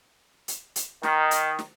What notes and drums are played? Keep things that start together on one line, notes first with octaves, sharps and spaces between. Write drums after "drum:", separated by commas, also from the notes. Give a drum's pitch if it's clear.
drum: hi-hat
drum: hi-hat
D#3, drum: snare
drum: hi-hat
drum: snare